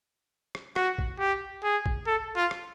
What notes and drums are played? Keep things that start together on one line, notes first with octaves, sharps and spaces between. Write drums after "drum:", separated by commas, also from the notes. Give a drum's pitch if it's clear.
drum: rim click
F#4, drum: rim click
drum: kick
G4
G#4
drum: kick
A4
F4
drum: rim click